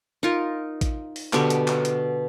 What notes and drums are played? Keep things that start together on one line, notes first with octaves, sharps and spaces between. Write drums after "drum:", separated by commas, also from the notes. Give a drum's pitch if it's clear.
D#4 F4 A#4
drum: kick A1, hi-hat
drum: open hi-hat
B2 D3 G4 C#6, drum: clap
drum: hi-hat
drum: clap
drum: hi-hat